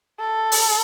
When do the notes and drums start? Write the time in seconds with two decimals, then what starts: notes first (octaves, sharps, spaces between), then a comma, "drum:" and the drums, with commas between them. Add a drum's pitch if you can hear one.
0.19 A4
0.52 drum: open hi-hat